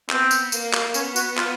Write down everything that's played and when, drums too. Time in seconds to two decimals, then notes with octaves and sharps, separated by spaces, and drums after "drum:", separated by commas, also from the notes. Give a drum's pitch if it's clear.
0.10 B3 C4, drum: clap
0.31 drum: tambourine
0.52 A#3, drum: tambourine
0.73 drum: clap
0.94 B3 C#4, drum: tambourine
1.16 F#4, drum: tambourine
1.37 F4, drum: clap